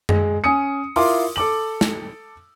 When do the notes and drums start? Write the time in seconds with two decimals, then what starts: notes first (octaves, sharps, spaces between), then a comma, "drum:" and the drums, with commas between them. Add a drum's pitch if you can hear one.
0.09 G#3, drum: tom F#2
0.44 C#4 G#5 D#6 C#7
0.96 E4 F4 A#4 C6 D6, drum: open hi-hat
1.36 A4 D6 F#7
1.81 drum: snare